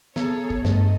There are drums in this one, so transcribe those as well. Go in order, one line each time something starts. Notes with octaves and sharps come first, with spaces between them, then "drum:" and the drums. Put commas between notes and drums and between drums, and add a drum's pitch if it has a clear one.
B3 G#4 A4 C#5, drum: snare
drum: kick
G2 A3 A4 D#5, drum: snare